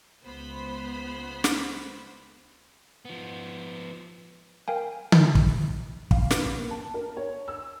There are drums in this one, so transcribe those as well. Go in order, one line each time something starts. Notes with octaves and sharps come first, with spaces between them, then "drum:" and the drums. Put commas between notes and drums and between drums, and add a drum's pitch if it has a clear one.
C#2 B3 C5 B5
drum: snare
F3 B3
A#4 F5 G5 G#5
drum: tom D3
drum: kick
F5, drum: kick
B4, drum: snare
A#3
A5
A#4
C#5
E6